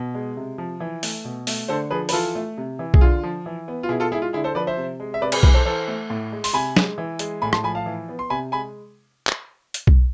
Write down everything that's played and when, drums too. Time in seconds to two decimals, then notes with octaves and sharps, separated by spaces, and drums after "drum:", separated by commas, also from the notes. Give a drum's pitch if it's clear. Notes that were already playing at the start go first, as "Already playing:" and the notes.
Already playing: B2
0.14 G#3
0.37 C3
0.58 F3
0.80 E3
1.03 A3, drum: open hi-hat
1.25 B2
1.47 A3, drum: open hi-hat
1.68 D3 A4 C5
1.90 F3 G#4 B4
2.09 B4, drum: open hi-hat
2.13 E3 F4 A4
2.35 A3
2.58 C3
2.79 E3
2.94 G#4, drum: kick B1
3.01 D3 F4
3.23 F3
3.46 E3
3.68 B3
3.83 F4
3.89 B2 E4 G#4
4.00 F4 A4
4.11 G#3 E4 G#4
4.22 F4
4.33 D3 E4 G#4
4.44 A4 C5
4.55 F3 B4 D5
4.67 C5 E5
4.77 C3
5.00 G#3
5.14 E5
5.21 C3 B4 D5
5.32 G#4 B4, drum: cymbal
5.43 E3 G#4 B4, drum: kick B1
5.54 A4 C5
5.65 E3 A4 C5
5.88 A3
6.10 A2
6.32 G#3
6.44 C6, drum: open hi-hat
6.53 C3 G#5 B5
6.76 G#3, drum: snare
6.98 E3
7.19 G#3, drum: hi-hat
7.42 A2 G#5 B5
7.53 A5 C6, drum: rim click
7.64 F3 G#5 B5
7.75 F5 A5
7.86 E3
8.08 B3
8.19 C6
8.30 C3 G#5 B5
8.52 G#3 G#5 B5
9.27 drum: clap
9.74 drum: hi-hat
9.87 drum: kick B1